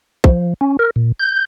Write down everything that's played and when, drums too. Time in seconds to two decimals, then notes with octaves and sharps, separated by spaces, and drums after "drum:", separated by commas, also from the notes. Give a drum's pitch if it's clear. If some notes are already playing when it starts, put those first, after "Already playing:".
0.24 F3, drum: kick
0.61 C#4
0.79 A#4
0.96 A#2
1.19 G6